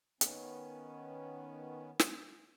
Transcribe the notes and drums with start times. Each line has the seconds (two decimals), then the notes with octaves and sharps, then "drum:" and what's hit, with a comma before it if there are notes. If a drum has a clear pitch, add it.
0.21 D#3 B3 C#4, drum: hi-hat
1.99 drum: snare